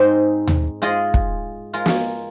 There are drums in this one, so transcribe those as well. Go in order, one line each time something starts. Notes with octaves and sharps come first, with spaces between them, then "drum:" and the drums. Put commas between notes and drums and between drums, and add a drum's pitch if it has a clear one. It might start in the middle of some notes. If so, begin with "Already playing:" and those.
Already playing: G#2 G#3 C4 D#4 C5
drum: tom D#2
G#3 F4 G#4 D#5
drum: kick
G#3 F4 A#4
drum: snare